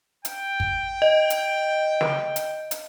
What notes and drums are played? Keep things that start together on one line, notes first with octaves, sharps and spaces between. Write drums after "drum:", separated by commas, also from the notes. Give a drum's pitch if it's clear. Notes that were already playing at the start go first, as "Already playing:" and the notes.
G5, drum: hi-hat
drum: kick
D#5
drum: hi-hat
drum: snare
drum: hi-hat
drum: hi-hat